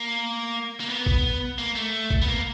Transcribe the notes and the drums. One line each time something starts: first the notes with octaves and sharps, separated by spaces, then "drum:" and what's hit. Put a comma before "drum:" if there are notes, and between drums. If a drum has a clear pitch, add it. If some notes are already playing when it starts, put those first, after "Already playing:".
Already playing: A#3
A#3
B3
drum: kick
A#3
A3
drum: kick
B3
A#3